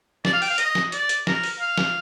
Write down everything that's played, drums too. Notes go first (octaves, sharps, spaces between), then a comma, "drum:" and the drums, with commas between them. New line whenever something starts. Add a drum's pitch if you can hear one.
D5, drum: snare
F5
G5, drum: open hi-hat
F5
D#5, drum: hi-hat
drum: snare
D5, drum: hi-hat
drum: hi-hat
A#4, drum: snare
drum: open hi-hat
F5
drum: snare